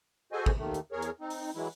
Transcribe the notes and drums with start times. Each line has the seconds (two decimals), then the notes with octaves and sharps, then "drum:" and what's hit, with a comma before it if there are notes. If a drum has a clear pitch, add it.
0.32 F#4 G#4 A4 C5 D#5 G#5
0.46 drum: kick
0.57 D#2 D#3 A3
0.74 drum: hi-hat
0.92 E2 G#4 A#4 C#5
1.02 drum: hi-hat
1.20 C4 D#4
1.30 drum: open hi-hat
1.55 E3 F#3 G#3 E4